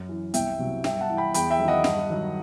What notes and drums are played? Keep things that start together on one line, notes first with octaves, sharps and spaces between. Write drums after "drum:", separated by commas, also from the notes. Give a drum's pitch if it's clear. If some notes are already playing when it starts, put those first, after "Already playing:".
Already playing: F#2
E3
C2 E5 G5, drum: hi-hat
C3 F#3
G2 E5 G5, drum: snare
F#5 A5
E3
G5 B5
E2 G5 B5, drum: hi-hat
E5 G5
D#3 F#3
D#5 F#5
G2, drum: snare
D#3 F#3